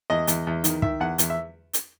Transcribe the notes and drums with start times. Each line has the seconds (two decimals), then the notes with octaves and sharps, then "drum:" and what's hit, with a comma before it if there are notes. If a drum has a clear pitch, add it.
0.10 E2 D#5
0.27 E2, drum: hi-hat
0.47 E2
0.64 D#3, drum: hi-hat
0.82 D#3 E5, drum: kick
1.00 E2 F#5
1.18 E2, drum: hi-hat
1.30 E5
1.74 drum: hi-hat